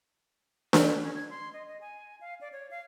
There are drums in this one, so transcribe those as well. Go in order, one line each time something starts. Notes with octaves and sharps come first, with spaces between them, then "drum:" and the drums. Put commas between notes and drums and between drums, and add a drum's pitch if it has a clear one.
drum: snare D4
C#4
G#6
C6
D#5
D#5
G#5
F5
D5
C#5
F5